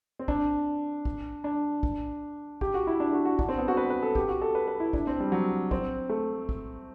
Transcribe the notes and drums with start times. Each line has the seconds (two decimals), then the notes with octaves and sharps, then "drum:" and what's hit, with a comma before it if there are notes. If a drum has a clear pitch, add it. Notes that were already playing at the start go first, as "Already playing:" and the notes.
0.19 C4
0.28 D4, drum: kick
1.05 drum: kick
1.44 D4
1.83 drum: kick
2.61 G4, drum: kick
2.74 F#4
2.87 E4
3.00 D4
3.13 F#4
3.25 F#4
3.39 D4, drum: kick
3.49 C4
3.58 B3
3.68 F#4
3.77 B4
3.90 B4
4.02 A4
4.15 G4, drum: kick
4.28 F#4
4.41 A4
4.55 B4
4.68 B4
4.80 E4
4.93 D4, drum: kick
5.07 C4
5.20 G3
5.32 F#3
5.71 C4, drum: kick
6.09 A3
6.49 drum: kick